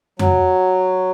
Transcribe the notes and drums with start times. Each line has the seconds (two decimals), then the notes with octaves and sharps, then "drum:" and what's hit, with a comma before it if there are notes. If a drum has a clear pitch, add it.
0.19 F#3, drum: tom F2